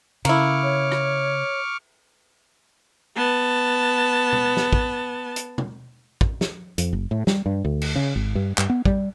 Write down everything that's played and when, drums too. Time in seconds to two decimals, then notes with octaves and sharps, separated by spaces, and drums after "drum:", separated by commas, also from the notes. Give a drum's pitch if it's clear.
0.25 C#3 A#3 E4 C#6 D6 F6, drum: cymbal
0.63 C#5
0.92 drum: rim click
3.16 B3 A5
4.33 drum: tom B2
4.57 drum: snare
4.73 drum: kick
5.36 drum: hi-hat
5.58 drum: tom B2
6.21 drum: kick
6.41 drum: snare
6.78 F2, drum: hi-hat
6.93 F#1
7.11 A2
7.27 G3, drum: snare
7.46 G2
7.65 D2
7.82 drum: cymbal
7.96 C#3
8.16 G#1
8.35 G2
8.58 G2, drum: clap
8.70 B3
8.85 G3, drum: kick